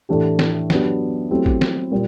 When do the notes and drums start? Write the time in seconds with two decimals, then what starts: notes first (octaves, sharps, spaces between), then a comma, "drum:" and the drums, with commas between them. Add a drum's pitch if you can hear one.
0.09 A2 E3 A3 D4 G4
0.39 drum: snare
0.70 F#3 B3 D4 G4, drum: snare
1.31 F#3 A3 C4 E4 G4
1.46 drum: kick A1
1.61 drum: snare
1.91 A#2 G3